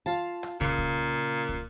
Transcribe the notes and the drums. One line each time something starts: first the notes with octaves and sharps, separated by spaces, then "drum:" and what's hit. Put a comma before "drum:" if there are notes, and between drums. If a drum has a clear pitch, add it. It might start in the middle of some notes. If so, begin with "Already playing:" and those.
F4 F5 A5
drum: rim click
A#2 C#3, drum: kick
drum: kick
drum: kick